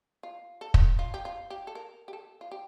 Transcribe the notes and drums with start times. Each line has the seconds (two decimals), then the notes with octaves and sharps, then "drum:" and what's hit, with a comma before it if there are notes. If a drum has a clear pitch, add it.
0.23 F4
0.61 A4
0.74 drum: kick
0.99 F4
1.14 G4
1.25 F4
1.50 G4
1.67 A4
1.75 A#4
2.08 G4
2.13 A4
2.41 F4
2.51 G4